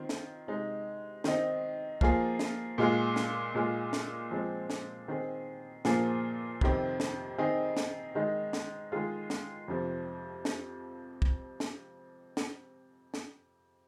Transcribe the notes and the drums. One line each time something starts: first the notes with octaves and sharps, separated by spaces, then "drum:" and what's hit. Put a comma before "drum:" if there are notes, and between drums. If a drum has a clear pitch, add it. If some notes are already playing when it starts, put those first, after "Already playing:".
Already playing: D#3 C4 F4
drum: snare
C3 G#3 D#4
D#3 C4 D#4, drum: snare
F3 A#3 F4 G#4, drum: kick
drum: snare
A#2 G#3 F4 G#4
drum: snare
A#2 G#3 F4 G#4
drum: snare
F3 G#3 C4 G#4
drum: snare
D#3 C4 G#4
A#2 F3 A#3 F4 G#4, drum: snare
F2 C3 D#3 C4, drum: kick
drum: snare
D#3 C4 D#4 G#4
drum: snare
D#3 G#3 D#4
drum: snare
D#3 G#3 F4 G#4
drum: snare
F2 C3 F3
drum: snare
drum: kick
drum: snare
drum: snare
drum: snare